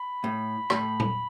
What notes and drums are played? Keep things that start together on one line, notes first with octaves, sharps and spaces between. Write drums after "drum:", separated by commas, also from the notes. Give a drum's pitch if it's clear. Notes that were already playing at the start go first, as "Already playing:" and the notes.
Already playing: B5
A2
A2, drum: rim click
drum: tom A#2